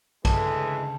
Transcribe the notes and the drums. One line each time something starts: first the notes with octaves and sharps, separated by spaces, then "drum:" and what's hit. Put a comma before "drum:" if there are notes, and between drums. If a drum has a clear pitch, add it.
D2 C#3 E3 G#3 A5, drum: kick A#1, cymbal